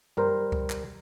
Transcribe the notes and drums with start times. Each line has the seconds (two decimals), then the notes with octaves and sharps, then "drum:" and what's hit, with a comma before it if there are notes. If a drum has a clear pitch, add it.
0.17 G3 A#4 C5, drum: tom F#2
0.52 drum: kick C#2
0.70 drum: clap